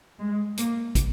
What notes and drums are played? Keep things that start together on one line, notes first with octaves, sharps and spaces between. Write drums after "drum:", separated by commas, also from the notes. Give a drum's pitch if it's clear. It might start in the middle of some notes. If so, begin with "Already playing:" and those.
G#3
A#3, drum: hi-hat
drum: kick, hi-hat